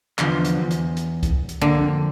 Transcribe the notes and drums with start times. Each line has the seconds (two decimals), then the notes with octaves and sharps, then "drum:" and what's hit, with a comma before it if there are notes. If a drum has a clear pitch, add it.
0.19 E2 D3 F3, drum: clap
0.45 drum: hi-hat
0.59 E2
0.71 drum: hi-hat
0.97 drum: hi-hat
1.23 drum: kick C2, hi-hat
1.49 drum: hi-hat
1.61 D3 A#3
1.78 F2